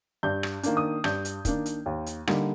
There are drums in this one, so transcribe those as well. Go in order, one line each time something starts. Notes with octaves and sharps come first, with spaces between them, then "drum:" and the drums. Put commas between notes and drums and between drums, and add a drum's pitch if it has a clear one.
G2 G6
drum: rim click
D#3 A#3 D4, drum: hi-hat
D#6
G2 G6, drum: rim click
drum: hi-hat
D#3 A#3 D4, drum: kick, hi-hat
drum: hi-hat
D#2
drum: hi-hat
D3 G3 A#3 D#4, drum: rim click